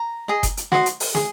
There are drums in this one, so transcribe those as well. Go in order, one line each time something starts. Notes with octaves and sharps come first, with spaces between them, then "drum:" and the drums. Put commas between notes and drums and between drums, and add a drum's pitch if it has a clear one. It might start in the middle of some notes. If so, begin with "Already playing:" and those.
Already playing: A#5
G#4 D#5
drum: kick F#1, hi-hat
drum: hi-hat
F#4 C5 D#5, drum: snare
drum: hi-hat
drum: open hi-hat
G#4, drum: snare